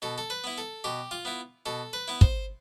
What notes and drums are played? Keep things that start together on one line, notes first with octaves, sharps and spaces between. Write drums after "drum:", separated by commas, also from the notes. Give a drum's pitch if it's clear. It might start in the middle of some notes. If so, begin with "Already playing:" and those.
B2 A4
A4
B4
B3 E4
A4
B2 G4
F4
B3 E4
B2 A4
B4
B3 E4
C5, drum: kick